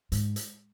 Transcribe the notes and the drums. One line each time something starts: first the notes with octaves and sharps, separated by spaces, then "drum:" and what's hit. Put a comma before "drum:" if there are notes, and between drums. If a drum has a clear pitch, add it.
G#2, drum: hi-hat
drum: hi-hat